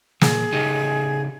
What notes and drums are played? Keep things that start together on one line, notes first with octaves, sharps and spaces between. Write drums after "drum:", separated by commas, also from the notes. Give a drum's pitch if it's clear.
A#2 G#4, drum: snare
C#3 D#4 G4